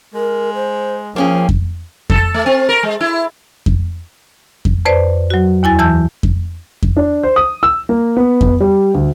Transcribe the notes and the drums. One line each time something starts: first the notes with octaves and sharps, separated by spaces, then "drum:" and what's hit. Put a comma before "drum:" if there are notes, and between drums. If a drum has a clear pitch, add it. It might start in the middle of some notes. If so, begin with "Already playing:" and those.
G#3 A#4
C5
F3 A#3 C#4 G#4 G5
drum: kick F2
A4, drum: kick F2
A3
C4
A#4
G#3
E4
drum: kick F2
drum: kick F2
F2 B4 C5 D5
F#3 F#4
D#2 E4 G#5 A6
E3 A5 E6 G6
drum: kick F2
drum: kick F2
D4
C5
D#6
E6
A#3
B3
drum: kick F2
G3
D2